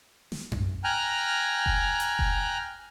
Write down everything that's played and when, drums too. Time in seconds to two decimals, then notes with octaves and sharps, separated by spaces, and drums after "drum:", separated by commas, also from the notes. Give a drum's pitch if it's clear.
0.32 drum: snare
0.52 drum: tom F#2
0.84 G5 G#5 A#5 F6 F#6
1.66 drum: kick F1
2.00 drum: hi-hat
2.19 drum: kick F1